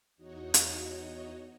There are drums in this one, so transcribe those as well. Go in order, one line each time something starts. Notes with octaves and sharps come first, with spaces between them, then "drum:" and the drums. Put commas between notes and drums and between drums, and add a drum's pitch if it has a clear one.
E2 D#4 F#4 C#5 D#5
drum: hi-hat